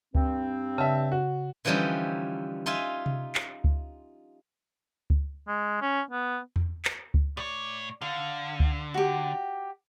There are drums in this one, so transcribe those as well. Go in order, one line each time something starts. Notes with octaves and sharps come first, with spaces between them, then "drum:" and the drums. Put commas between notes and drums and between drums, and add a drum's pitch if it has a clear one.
G2 C4, drum: kick C#2
C#3 E5 A5
F#4
D3 E3 F3 G3 C#4 D#4
D#4 F4 E5 F5 G#5
drum: tom C3
drum: clap
drum: kick C#2
drum: kick C#2
G#3
C#4
B3
drum: tom E2
drum: clap
drum: kick C#2
A2 C#5 D5
D3 F5
drum: kick C#2
F#4 G4